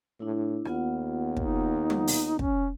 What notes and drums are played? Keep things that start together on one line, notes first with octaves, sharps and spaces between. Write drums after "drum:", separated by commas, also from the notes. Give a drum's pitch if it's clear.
A2 D4 E4
D#2 B3 F4 F#5, drum: rim click
D#4, drum: kick
drum: tom
drum: open hi-hat
C#4, drum: kick